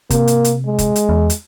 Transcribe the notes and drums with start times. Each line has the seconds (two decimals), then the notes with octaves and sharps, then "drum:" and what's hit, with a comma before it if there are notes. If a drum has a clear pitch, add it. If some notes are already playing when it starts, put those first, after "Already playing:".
0.10 C3 A#3, drum: kick, hi-hat
0.27 drum: hi-hat
0.44 drum: hi-hat
0.66 G#3
0.79 drum: kick, hi-hat
0.96 drum: hi-hat
1.09 E2
1.30 drum: hi-hat